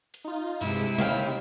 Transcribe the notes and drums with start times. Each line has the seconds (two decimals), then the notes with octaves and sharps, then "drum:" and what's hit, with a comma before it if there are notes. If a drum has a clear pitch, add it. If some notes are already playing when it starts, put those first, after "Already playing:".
0.14 drum: hi-hat
0.24 D#4 F4
0.61 G2 C3 G#3 E4, drum: open hi-hat
0.98 D#2 C#3 F5 G5, drum: tom G3